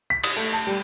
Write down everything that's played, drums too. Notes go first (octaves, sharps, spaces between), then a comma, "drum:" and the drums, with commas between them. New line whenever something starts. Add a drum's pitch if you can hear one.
B6
D#6, drum: cymbal
A3
A5
G3